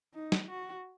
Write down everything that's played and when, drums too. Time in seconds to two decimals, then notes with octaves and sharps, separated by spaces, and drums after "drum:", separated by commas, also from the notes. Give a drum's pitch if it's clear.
0.15 D#4
0.32 drum: snare
0.49 F#4